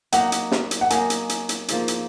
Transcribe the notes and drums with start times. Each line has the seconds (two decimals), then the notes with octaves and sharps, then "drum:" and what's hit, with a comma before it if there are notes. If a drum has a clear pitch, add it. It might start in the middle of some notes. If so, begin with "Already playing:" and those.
0.12 F#3 A#3 D#4 A#4 F#5, drum: hi-hat
0.32 drum: hi-hat
0.51 drum: snare
0.71 drum: hi-hat
0.81 F#5
0.90 F#3 A#3 D#4 A#4 G#5, drum: hi-hat
1.10 drum: hi-hat
1.29 drum: hi-hat
1.49 drum: hi-hat
1.68 G#2 F3 A#3, drum: hi-hat
1.88 drum: hi-hat